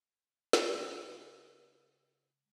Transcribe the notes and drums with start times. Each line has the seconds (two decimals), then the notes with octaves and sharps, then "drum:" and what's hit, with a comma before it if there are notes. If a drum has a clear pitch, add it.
0.53 drum: snare
0.74 C#3 G#3